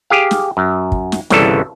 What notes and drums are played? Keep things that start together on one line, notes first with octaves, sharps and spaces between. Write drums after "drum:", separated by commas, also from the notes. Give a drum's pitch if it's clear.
G4 G#4 F5
drum: snare
F#2
drum: kick
drum: snare
G1 C2 C#3 E3 G3 A4, drum: snare